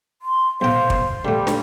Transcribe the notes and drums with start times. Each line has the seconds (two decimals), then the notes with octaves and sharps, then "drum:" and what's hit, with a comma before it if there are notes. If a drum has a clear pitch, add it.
0.22 C6
0.61 B1 C5 F5 G5
0.90 drum: kick
1.25 D3 G3 A3
1.47 drum: snare